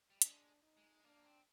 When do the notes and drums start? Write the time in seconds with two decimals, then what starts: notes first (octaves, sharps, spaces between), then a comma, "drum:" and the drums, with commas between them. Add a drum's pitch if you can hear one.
0.10 G3
0.22 G#3 D4, drum: hi-hat
0.63 D#4
0.77 G#3
1.04 A#3 D4
1.24 C4